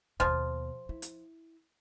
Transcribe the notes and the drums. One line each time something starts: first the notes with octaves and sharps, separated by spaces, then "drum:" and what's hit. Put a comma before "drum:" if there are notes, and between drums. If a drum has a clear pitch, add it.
D#2 B2 F3, drum: kick
E4
drum: hi-hat